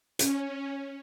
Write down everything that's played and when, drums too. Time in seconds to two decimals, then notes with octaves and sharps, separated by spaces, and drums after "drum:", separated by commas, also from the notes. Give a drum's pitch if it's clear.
0.19 C#4, drum: hi-hat